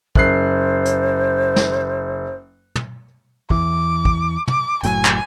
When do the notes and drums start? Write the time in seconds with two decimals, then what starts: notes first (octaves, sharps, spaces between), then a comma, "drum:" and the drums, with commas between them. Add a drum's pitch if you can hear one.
0.15 F#1 C5 F#6 C7, drum: kick
0.85 drum: hi-hat
1.56 drum: snare
2.75 drum: tom
3.50 E2 E3 D6, drum: kick
4.05 drum: kick
4.48 D6, drum: tom
4.83 F#1 A2 F#3 G#5, drum: hi-hat
5.05 drum: clap